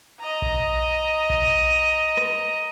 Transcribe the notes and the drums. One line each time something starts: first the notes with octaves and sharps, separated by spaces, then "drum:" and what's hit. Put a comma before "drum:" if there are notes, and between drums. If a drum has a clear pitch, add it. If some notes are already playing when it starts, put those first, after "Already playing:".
D#5 A#5
drum: kick A#1
drum: kick A#1
drum: rim click